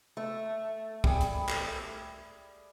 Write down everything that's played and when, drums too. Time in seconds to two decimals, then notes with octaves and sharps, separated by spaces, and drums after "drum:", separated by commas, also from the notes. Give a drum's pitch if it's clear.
0.17 A3
1.04 G3 G#4, drum: kick
1.21 drum: hi-hat
1.49 drum: clap